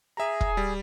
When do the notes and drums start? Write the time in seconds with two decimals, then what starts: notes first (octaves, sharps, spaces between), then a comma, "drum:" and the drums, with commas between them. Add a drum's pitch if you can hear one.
0.17 G#4 E5 A#5
0.41 drum: kick
0.57 G3